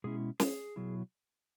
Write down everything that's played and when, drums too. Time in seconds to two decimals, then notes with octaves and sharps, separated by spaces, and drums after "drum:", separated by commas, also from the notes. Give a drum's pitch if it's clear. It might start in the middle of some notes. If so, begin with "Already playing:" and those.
0.04 B2 G#3 C#4 E4 G#4
0.40 G#4, drum: snare
0.76 B2 F#3 E4